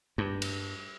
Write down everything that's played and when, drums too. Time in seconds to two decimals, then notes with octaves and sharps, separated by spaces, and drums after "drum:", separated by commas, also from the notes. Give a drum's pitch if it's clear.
0.18 G2
0.42 drum: cymbal